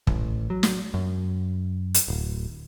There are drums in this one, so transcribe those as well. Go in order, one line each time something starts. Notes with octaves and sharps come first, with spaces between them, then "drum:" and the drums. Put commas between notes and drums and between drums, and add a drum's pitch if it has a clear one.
A1, drum: kick
F#3
drum: snare
F#2
drum: hi-hat
D1